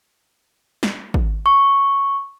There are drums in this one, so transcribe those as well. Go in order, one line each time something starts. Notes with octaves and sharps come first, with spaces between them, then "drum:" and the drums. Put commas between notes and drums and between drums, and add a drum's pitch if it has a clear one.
drum: snare
drum: kick
C#6